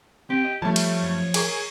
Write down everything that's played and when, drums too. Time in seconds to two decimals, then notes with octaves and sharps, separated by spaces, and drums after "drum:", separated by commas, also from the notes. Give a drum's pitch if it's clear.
0.30 C4 G4
0.45 D#5
0.62 F3 G3 A3 C#5 A5
0.76 drum: cymbal
1.01 F#2
1.34 G#4 A#4 C#6, drum: cymbal